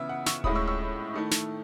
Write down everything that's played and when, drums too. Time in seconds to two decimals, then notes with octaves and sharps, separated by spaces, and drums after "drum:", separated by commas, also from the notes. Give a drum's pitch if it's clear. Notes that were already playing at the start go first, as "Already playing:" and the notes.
Already playing: C#3 E3 B3 E4 E5
0.09 F#5
0.26 C#6 E6, drum: snare
0.44 A2 G#3 C#4 E4 B5 D#6, drum: kick D1
0.55 C#6 E6
0.67 C#6 E6
1.14 D#3 A3 E4
1.31 drum: snare